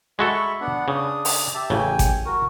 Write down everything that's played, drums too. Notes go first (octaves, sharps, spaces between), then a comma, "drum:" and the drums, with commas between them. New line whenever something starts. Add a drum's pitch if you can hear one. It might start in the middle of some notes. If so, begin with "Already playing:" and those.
G#3 F#4 A4 E5 B5 C#6
B3 D4 F#5
C#3 D4 D#6
drum: open hi-hat
G4 E5 A5
A1 C#3 G5 G#5
drum: kick G#1, hi-hat
F#4 A#4